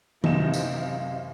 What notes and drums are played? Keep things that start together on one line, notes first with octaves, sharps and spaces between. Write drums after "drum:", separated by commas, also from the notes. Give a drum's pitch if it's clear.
A1 F#2 C3 D#4 F5 E7, drum: tom
drum: tambourine